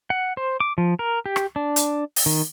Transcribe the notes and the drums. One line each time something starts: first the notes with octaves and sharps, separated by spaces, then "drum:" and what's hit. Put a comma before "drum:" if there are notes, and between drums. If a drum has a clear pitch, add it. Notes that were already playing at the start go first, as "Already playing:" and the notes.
F#5
C5
D6
F3
A#4
G4
drum: rim click
D4
drum: hi-hat
drum: open hi-hat
D#3